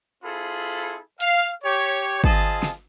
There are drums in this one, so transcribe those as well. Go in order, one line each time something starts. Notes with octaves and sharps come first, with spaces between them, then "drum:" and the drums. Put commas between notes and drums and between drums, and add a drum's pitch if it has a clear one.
C4 E4 F4 G#4 A4 B5
F5, drum: hi-hat
G4 C#5
C4 F4 G#4 D#5 A5, drum: kick
drum: snare